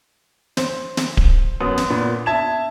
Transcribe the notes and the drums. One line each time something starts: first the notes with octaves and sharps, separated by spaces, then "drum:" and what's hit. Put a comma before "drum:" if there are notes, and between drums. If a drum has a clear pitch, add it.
C5, drum: snare
drum: snare
drum: kick D1
F#2 B3 D#6
drum: snare
A#2 B3
E5 A5 G#6 E7